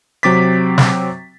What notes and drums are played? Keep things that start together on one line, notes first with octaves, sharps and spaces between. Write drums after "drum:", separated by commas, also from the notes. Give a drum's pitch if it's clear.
C3 F#3 C4 D6 A6 B6
drum: snare